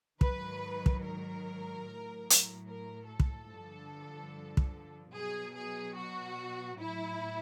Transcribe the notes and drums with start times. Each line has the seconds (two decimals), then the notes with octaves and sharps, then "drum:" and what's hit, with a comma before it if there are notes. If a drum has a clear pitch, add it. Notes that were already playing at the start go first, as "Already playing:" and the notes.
0.21 G#2 D#3 F#3 B4, drum: kick
0.86 drum: kick
1.04 A#4
1.86 A2 F#3
2.30 drum: hi-hat
2.68 A#4
3.09 A4
3.20 drum: kick
3.51 G2 D3 F3
4.57 drum: kick
5.14 B2 F#3 G#4
5.56 G#4
5.97 F#4
6.79 A2 F#3 E4